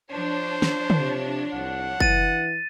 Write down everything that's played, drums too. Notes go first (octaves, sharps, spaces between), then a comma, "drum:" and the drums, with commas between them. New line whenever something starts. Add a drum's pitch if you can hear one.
F3 D4 C5 C#5
drum: snare
drum: tom
C3
C2 F#5
E3 A6 D#7, drum: kick F#1